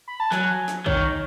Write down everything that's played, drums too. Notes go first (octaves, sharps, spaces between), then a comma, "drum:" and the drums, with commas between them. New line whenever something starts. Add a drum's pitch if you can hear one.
B5
A5
F#3 G#5, drum: snare
drum: snare
D#3 C#5, drum: kick